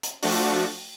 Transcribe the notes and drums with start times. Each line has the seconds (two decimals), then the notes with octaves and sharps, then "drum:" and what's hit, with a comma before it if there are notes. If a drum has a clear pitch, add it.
0.03 drum: hi-hat
0.22 F3 A3 D4 F#4, drum: open hi-hat